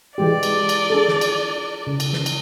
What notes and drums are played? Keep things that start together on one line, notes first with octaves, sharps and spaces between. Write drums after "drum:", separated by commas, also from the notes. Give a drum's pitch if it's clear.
E3 G#3 G4 D5
drum: cymbal
drum: cymbal
D4 G#4 A4
drum: snare
drum: cymbal
C#3
drum: cymbal
drum: snare
drum: cymbal